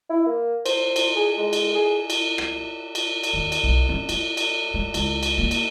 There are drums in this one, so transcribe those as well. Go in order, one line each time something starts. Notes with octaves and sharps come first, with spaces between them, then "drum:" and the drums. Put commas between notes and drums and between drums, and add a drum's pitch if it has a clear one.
E4
A#3
C5, drum: cymbal
drum: cymbal
G#4
G#3
drum: cymbal
G#4
drum: cymbal
drum: rim click
drum: cymbal
drum: cymbal
D#2
drum: cymbal
B1
C#4
A3, drum: cymbal
drum: cymbal
A3
C#2, drum: cymbal
drum: cymbal
A#3
drum: cymbal